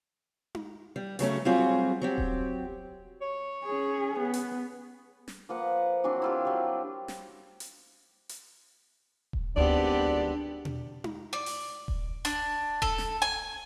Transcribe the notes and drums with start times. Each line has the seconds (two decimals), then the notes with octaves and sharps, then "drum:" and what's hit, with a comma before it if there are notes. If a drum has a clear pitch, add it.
0.55 drum: tom D#4
0.96 G3
1.19 C#3 F#3 A3 C#4, drum: hi-hat
1.45 F#3 G3 C4 F4 F#4 G#4
2.01 F#3 C4 G4
2.18 drum: kick D#1
3.21 C#5
3.65 C#4 G#4
4.20 B3
4.34 drum: hi-hat
5.28 drum: snare
5.49 F3 A#3 B4 F#5
6.04 E3 F#3 C4 D4
6.22 E4 F4 G4
6.45 F#3 G3
7.08 drum: snare
7.60 drum: hi-hat
8.29 drum: hi-hat
9.33 drum: kick D#1
9.56 G#1 D2 B3 C4 D4 G4 D5
10.65 drum: tom B2
11.04 drum: tom D#4
11.33 D5
11.46 drum: open hi-hat
11.88 drum: kick D#1
12.25 D4, drum: hi-hat
12.82 A4, drum: kick D#1
12.98 drum: snare
13.22 G#5